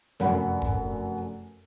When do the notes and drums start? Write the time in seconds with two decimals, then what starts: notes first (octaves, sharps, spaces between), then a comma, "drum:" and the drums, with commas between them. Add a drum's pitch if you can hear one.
0.20 F1 F#2 F#5 B5, drum: snare
0.62 drum: kick E1